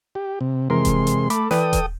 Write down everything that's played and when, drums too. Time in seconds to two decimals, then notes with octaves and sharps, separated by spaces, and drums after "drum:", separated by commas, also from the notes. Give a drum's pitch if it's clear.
0.15 G4
0.41 C3
0.70 F2 C3 E3 G#3 A#4 C6
0.85 drum: kick D#1, hi-hat
1.07 drum: hi-hat
1.30 A3 A4 B5 D6, drum: hi-hat
1.51 E3 A4 B4 D5 G5 D#6, drum: snare
1.73 drum: kick D#1, hi-hat